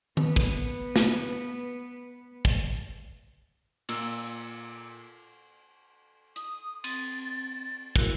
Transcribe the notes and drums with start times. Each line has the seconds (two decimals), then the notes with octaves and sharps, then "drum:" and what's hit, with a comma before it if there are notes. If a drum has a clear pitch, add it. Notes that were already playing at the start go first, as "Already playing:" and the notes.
0.17 B3 B4, drum: tom D#3
0.36 drum: kick
0.96 drum: snare
2.45 drum: kick
3.89 A#2 A#3 E6, drum: cymbal
6.36 D#6, drum: hi-hat
6.84 C4 A6, drum: cymbal
7.96 E4 F#4 A#4 F#6, drum: kick